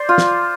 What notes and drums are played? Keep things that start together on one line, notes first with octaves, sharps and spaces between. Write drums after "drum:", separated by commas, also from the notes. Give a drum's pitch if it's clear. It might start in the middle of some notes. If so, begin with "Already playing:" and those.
Already playing: C5 D5
F4
drum: snare